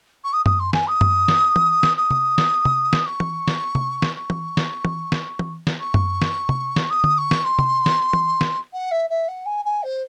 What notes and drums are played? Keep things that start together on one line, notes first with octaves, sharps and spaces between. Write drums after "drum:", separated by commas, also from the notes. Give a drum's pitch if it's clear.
C#6
D#6
D#6, drum: tom F#2
C6
G#5, drum: snare
D#6
drum: tom F#2
drum: snare
drum: tom E3
drum: snare
D#6
drum: tom C3
drum: snare
drum: tom C3
drum: snare
C#6
drum: tom E3
drum: snare
drum: tom C3
drum: snare
C#6
drum: tom E3
drum: snare
drum: tom E3
drum: snare
drum: tom E3
drum: snare
C#6
drum: tom F#2
drum: snare
drum: tom C3
drum: snare
D#6
drum: tom D3
C#6
drum: snare
C6
drum: tom C3
drum: snare
drum: tom E3
drum: snare
F#5
E5
E5
F#5
G#5
G#5
C5